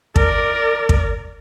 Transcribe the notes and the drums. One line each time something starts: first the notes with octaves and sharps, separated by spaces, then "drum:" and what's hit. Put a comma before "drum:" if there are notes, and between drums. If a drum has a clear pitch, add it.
A#4 D5, drum: kick
drum: kick